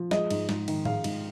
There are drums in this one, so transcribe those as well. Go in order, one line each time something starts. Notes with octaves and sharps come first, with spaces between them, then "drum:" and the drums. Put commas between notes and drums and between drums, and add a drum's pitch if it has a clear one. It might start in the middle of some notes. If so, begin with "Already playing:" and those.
Already playing: F3
G#3 D#5, drum: snare
G#2, drum: cymbal
G#2, drum: snare
D#3, drum: cymbal
G#3 F5, drum: tom A2
G#2, drum: cymbal